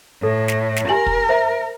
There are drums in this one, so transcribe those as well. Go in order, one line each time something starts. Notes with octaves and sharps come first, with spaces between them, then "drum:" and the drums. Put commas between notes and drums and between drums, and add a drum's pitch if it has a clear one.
A2 A4
drum: snare
drum: snare
G4 A#4 G#5 F#7
drum: kick
C5 E5 A#5